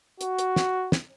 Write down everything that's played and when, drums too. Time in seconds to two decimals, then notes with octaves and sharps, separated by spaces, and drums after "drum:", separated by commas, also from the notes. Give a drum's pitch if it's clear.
0.21 F#4, drum: hi-hat
0.39 drum: hi-hat
0.56 drum: snare
0.92 drum: snare